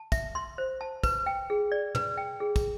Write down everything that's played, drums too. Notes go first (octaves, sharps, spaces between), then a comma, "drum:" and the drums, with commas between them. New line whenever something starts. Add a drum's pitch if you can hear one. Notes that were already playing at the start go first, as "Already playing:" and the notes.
Already playing: A5
E5, drum: kick, tambourine
C6
C5
A5
B4, drum: kick, tambourine
G5
G#4
D5
B4, drum: tom
G5
G#4
drum: kick, tambourine